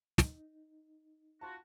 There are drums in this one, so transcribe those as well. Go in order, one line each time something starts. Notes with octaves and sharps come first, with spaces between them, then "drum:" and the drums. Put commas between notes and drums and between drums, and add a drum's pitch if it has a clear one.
D#4, drum: snare
F4 F#4 A5